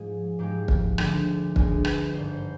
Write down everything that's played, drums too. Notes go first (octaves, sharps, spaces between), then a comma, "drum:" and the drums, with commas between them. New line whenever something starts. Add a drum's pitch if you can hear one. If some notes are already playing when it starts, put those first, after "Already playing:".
Already playing: G#2 F3 G#3 G#4
G#2 F3 G#3 G4
drum: kick
D2 D3 G#3, drum: rim click
D2 D3 G#3 G#4, drum: kick
B4, drum: rim click
G#1 G2 D3 C5
C5